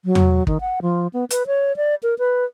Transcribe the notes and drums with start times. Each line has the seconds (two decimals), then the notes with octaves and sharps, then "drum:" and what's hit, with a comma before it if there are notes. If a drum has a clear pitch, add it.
0.05 F#3
0.15 drum: tom E2
0.47 D#3, drum: kick
0.61 F#5
0.82 F3
1.13 B3
1.30 B4, drum: hi-hat
1.47 C#5
1.76 D5
2.03 A#4
2.19 B4